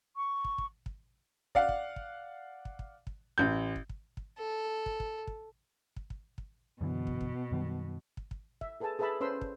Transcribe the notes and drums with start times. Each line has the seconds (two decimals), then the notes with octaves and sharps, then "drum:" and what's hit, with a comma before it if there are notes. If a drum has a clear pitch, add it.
0.16 C#6
0.45 drum: kick
0.58 drum: kick
0.86 drum: kick
1.55 D5 F5 F#5, drum: kick
1.69 drum: kick
1.96 drum: kick
2.65 drum: kick
2.79 drum: kick
3.07 drum: kick
3.38 A1 G6
3.76 drum: kick
3.89 drum: kick
4.17 drum: kick
4.39 A4
4.86 drum: kick
5.00 drum: kick
5.27 drum: kick
5.96 drum: kick
6.10 drum: kick
6.38 drum: kick
6.81 F#2 B2 D3 E3
7.07 drum: kick
7.21 drum: kick
7.52 F#2 D#3 G3
8.17 drum: kick
8.31 drum: kick
8.61 E5, drum: kick
8.80 G#4 A4 B4 G#5 A5
8.99 G#4 A4 B4 E5 A5 B5
9.21 C#4 B4 C5 B5 C6 E6
9.41 drum: kick